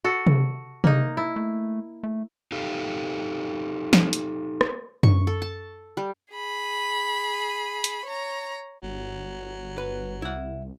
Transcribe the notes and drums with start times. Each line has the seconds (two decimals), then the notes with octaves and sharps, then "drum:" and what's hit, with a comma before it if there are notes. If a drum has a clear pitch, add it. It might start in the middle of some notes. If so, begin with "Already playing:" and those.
0.04 F#4 A4
0.27 drum: tom C3
0.84 A#3 D#4, drum: tom C3
1.17 E4
1.36 A3
2.03 A3
2.52 D#4 G4 A4 F5
3.93 drum: snare
4.13 drum: hi-hat
4.61 drum: rim click
5.03 C#6, drum: tom F#2
5.27 A4
5.42 A5
5.97 G3
6.33 G#4 B5
7.84 drum: hi-hat
8.05 C#5 A#5
8.83 G1 F#3
9.78 B4
10.22 C2 E4 F#5